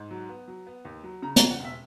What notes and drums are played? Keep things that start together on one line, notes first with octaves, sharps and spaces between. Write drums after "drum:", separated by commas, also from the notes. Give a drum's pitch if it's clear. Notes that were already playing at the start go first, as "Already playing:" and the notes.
Already playing: G#2
F#3
B3
F#3
B3
D#2
F#3
C#3 A#5
A#5, drum: hi-hat
E2
F#5
E1 E5